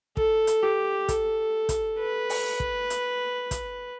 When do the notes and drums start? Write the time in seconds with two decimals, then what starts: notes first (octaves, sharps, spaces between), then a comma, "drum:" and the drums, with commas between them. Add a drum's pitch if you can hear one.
0.17 A4, drum: kick
0.47 drum: hi-hat
0.62 G4
1.08 A4, drum: kick, hi-hat
1.69 drum: kick, hi-hat
1.99 B4
2.29 drum: open hi-hat
2.60 drum: kick
2.90 drum: hi-hat
3.51 drum: kick, hi-hat